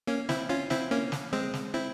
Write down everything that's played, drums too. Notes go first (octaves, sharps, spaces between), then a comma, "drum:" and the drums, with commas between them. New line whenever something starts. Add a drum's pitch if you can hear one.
A#3 C#4
C4 E4, drum: snare
C#4 F4
C4 E4, drum: snare
A#3 C#4
drum: snare
G#3 C4
drum: snare
C4 E4